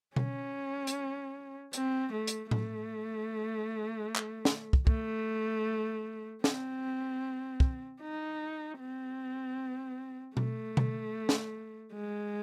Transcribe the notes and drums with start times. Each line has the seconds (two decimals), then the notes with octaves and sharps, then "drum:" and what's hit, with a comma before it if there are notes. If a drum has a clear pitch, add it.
0.16 C#4, drum: tom B2
0.87 drum: hi-hat
1.73 C4, drum: hi-hat
2.12 A3
2.27 drum: hi-hat
2.51 A3, drum: tom A2
4.16 drum: clap
4.45 drum: snare
4.73 drum: kick
4.87 A3, drum: kick
6.44 C4, drum: snare
7.60 drum: kick
8.01 D#4
8.80 C4
10.37 A3, drum: tom B2
10.77 drum: tom B2
11.29 drum: snare
11.94 G#3